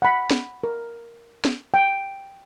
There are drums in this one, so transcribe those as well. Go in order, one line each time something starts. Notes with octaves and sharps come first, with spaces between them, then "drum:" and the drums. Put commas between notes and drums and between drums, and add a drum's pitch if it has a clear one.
F#5 B5
drum: snare
A#4
drum: snare
G5